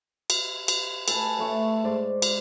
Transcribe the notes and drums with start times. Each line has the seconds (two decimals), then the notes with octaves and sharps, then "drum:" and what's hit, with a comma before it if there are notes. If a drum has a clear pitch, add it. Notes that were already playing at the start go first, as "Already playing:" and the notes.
0.30 drum: cymbal
0.68 drum: cymbal
1.08 A4 B4 G#5 A5, drum: cymbal
1.38 A2 A3 C#6
1.84 G#2 D5 C6
2.22 drum: cymbal